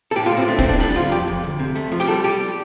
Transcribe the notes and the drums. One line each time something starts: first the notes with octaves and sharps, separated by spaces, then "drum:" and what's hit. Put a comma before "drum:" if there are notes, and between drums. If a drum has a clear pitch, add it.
A4
A2 G4
F4
A2
C4
A3 D4
C4, drum: kick
A3
D4
G3 D4, drum: open hi-hat
D2 F4
F2 G4
F2
D2
C3
A3
F3
G4, drum: hi-hat
G3 A4
G3 G4